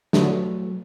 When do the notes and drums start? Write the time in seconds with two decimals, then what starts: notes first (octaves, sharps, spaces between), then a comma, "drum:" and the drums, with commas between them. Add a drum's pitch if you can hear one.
0.13 D3 F#3 A3, drum: snare